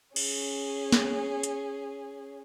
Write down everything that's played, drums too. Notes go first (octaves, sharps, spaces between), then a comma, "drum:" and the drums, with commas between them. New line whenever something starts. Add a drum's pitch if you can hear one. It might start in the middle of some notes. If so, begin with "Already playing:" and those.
C#4 G#4, drum: cymbal
drum: snare
drum: hi-hat